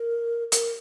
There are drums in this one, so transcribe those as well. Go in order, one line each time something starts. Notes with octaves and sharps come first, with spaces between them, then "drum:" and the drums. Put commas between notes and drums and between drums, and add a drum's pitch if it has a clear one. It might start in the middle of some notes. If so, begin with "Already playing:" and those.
Already playing: A#4
A#4, drum: hi-hat